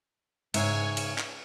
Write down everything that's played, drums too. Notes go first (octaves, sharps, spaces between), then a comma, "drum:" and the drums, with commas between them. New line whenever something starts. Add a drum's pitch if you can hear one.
G#2 C#3 C#5 E5 G#5, drum: cymbal
drum: cymbal
drum: clap